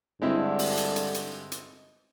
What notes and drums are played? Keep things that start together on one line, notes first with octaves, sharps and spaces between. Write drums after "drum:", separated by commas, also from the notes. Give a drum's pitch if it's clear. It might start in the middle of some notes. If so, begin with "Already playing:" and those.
G2 D3 G#3 C4 E4
drum: open hi-hat
drum: hi-hat
drum: hi-hat
drum: hi-hat
drum: hi-hat